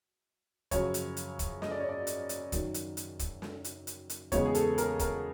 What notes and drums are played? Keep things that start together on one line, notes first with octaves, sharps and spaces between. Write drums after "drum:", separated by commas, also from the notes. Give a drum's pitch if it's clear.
F#2 C#3 F3 C#5, drum: kick, hi-hat
drum: hi-hat
drum: hi-hat
drum: kick, hi-hat
D#5, drum: snare
D5
C#5
D5
drum: hi-hat
drum: hi-hat
F#2 D#3 F#3, drum: kick, hi-hat
drum: hi-hat
drum: hi-hat
drum: kick, hi-hat
drum: snare
drum: hi-hat
drum: hi-hat
drum: hi-hat
E2 C#3 E3 G#3 B3 C#5, drum: kick, hi-hat
G#4
A4, drum: hi-hat
A#4, drum: hi-hat
A#4, drum: kick, hi-hat